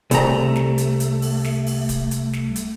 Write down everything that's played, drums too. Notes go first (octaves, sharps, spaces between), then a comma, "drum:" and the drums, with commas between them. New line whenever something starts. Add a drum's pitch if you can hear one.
C2 A3 A#5, drum: kick D1, hi-hat
drum: snare
drum: hi-hat
drum: hi-hat
drum: open hi-hat
drum: snare
drum: open hi-hat
drum: kick D1, hi-hat
drum: hi-hat
drum: snare
drum: hi-hat